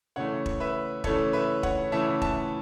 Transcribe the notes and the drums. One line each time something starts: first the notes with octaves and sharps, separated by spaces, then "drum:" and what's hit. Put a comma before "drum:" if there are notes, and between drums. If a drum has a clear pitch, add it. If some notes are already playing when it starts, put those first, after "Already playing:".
C#3 E3 A3 C#5 F#5
drum: kick E1
B4 E5
C#3 E3 A3 A4 C#5, drum: kick E1
B4 E5
C#5 F#5, drum: kick E1
C#3 E3 A3 E5 A5
E5 A5, drum: kick E1